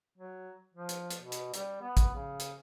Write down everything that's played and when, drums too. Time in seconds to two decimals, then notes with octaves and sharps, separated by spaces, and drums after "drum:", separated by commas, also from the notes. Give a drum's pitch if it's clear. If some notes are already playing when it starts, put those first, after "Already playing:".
0.18 F#3
0.74 F3
0.89 drum: hi-hat
1.11 drum: hi-hat
1.21 B2
1.32 drum: hi-hat
1.54 G3, drum: hi-hat
1.82 B3
1.97 drum: kick, hi-hat
2.15 C#3
2.40 drum: hi-hat